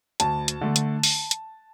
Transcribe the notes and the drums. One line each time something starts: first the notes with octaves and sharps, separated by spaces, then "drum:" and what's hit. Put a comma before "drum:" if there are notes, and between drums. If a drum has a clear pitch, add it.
D2 A5, drum: hi-hat
drum: hi-hat
D3 A3
drum: hi-hat
drum: open hi-hat
drum: hi-hat